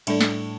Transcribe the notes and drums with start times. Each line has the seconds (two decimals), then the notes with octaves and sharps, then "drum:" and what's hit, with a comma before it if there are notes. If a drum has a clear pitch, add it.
0.07 A2 G3 D4 A4 D5, drum: cymbal
0.21 drum: snare